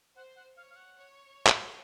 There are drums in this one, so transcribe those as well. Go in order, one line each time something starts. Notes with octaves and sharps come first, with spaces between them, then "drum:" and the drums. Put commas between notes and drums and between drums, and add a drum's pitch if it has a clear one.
C5 F#5
F#5
C#5 F5
F5
F#5
C#5
drum: clap